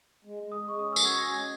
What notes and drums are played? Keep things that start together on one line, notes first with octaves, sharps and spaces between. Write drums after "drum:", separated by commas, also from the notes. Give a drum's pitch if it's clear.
G#3
G#3
D#6
G#3
C#6
C#4 D#6
E6
F#4, drum: tambourine
G#6
C#4 A#6
G#3 G#6